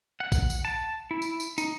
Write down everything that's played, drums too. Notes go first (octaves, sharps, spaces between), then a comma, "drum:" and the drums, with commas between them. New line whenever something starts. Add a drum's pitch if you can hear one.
F#5
drum: kick A1, tambourine
drum: tambourine
A5
E4
drum: tambourine
drum: tambourine
D#4, drum: tambourine